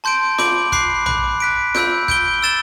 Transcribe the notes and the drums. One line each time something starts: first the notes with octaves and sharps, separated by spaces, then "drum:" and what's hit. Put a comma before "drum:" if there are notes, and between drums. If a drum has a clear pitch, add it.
A5 C6 G6 D7
B5 D6 G6 D7 F#7, drum: snare F4
B5 D6 F#6 C7, drum: kick
B5 D6 F#6, drum: tom
F#6 B6 D7
B5 E6 G6 D7, drum: snare F4
G6 D7 G7, drum: kick
E6 A6 E7 G7